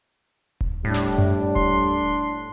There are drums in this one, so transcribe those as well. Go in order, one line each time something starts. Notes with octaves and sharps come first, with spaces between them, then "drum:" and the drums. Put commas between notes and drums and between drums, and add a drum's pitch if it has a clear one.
drum: kick D#1
A2 G3 D4
drum: snare
drum: tom F#2
C6, drum: kick D#1